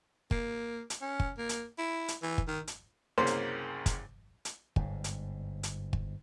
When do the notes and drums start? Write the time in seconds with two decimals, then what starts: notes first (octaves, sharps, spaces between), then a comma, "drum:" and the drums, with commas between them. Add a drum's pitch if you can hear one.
0.31 A#3, drum: kick
0.90 drum: hi-hat
1.01 C#4
1.20 drum: kick
1.38 A#3
1.49 drum: hi-hat
1.78 E4
2.08 drum: hi-hat
2.22 E3
2.38 drum: kick
2.48 D#3
2.67 drum: hi-hat
3.18 C2 F#2 C#3 A#3 C5 C6
3.27 drum: hi-hat
3.86 drum: kick, hi-hat
4.45 drum: hi-hat
4.76 G1 G#2, drum: kick
5.04 drum: hi-hat
5.63 drum: hi-hat
5.93 drum: kick